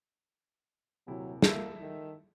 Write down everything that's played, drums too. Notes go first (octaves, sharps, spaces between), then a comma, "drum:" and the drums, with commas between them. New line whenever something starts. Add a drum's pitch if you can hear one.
D#1 C3 F#3 E4
A#3 A4 E5, drum: snare
D#3